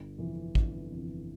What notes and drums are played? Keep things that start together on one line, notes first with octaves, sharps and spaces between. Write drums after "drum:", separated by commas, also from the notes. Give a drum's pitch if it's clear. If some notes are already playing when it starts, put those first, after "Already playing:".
Already playing: G1
F2 C3 E3
G1, drum: kick
F2 C3 E3